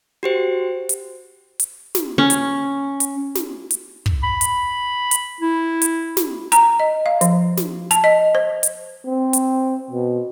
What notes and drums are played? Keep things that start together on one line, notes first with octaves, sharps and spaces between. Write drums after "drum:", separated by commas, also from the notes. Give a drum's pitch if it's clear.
F#4 G4 C5
drum: hi-hat
drum: hi-hat
drum: snare
C#4
drum: hi-hat
drum: hi-hat
drum: snare
drum: hi-hat
drum: kick
B5
drum: hi-hat
drum: hi-hat
E4
drum: hi-hat
drum: snare
A#5, drum: hi-hat
D#5
F5
F3, drum: hi-hat
drum: snare
A5, drum: hi-hat
D#5
C5
drum: hi-hat
C4
drum: hi-hat
B2